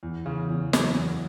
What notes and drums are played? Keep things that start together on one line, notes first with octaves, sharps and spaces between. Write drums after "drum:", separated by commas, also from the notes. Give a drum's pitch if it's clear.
E2
C#3
E2
F#3, drum: snare
E2